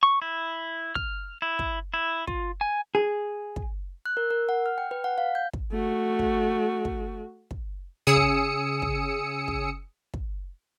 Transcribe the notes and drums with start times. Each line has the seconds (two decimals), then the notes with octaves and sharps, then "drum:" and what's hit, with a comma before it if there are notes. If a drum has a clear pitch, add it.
0.03 C#6
0.22 E4
0.95 F6, drum: kick
1.42 E4
1.59 drum: kick
1.94 E4
2.27 F4, drum: kick
2.61 G#5
2.95 G#4
3.56 drum: kick
4.06 F#6
4.17 A#4
4.31 A#4
4.49 F#5
4.66 F6
4.78 G5
4.91 B4
5.04 F#5
5.18 F5
5.35 G6
5.53 drum: kick
5.72 A3 F#4
6.19 drum: kick
6.85 drum: kick
7.51 drum: kick
8.07 C#3 G#4 D#6 E6 C#7
8.16 drum: kick
8.82 drum: kick
9.48 drum: kick
10.14 drum: kick